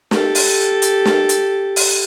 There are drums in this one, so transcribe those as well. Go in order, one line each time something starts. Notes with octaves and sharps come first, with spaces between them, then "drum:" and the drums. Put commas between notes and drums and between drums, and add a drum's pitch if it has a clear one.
G4 A4, drum: snare
drum: open hi-hat
drum: hi-hat
drum: snare
drum: hi-hat
drum: open hi-hat